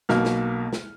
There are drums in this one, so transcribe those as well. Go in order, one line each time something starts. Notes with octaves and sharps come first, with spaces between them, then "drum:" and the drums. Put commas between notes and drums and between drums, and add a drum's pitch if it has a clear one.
B1 B2 A#3 F6, drum: snare
drum: snare
drum: snare